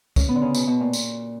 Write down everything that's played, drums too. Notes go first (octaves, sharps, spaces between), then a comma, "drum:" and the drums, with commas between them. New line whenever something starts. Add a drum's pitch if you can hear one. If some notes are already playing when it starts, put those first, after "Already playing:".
C#4, drum: kick, tambourine
B3
D3
C#3
B2, drum: tambourine
B2
A#2
drum: tambourine